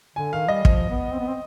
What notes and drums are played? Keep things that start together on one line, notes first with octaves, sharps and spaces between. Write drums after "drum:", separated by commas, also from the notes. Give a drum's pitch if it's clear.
D3 G#5
D#3 F5
G3 D#5
F3, drum: kick
B3
C4
B3
C4